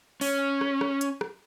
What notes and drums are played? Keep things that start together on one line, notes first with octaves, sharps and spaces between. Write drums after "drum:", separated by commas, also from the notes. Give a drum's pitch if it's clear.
C#4, drum: open hi-hat
drum: rim click
drum: rim click
drum: hi-hat
drum: rim click